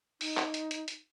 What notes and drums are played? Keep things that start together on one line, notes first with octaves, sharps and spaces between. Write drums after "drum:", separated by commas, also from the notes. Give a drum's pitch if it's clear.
D#4, drum: open hi-hat
drum: clap
drum: hi-hat
drum: hi-hat
drum: hi-hat